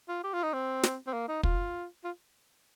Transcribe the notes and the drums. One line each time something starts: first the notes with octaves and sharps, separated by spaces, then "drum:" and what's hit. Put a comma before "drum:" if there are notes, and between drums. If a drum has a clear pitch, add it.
F4
G4
F4
D#4
C4
drum: snare
C4
A#3
D#4
F4, drum: kick
F4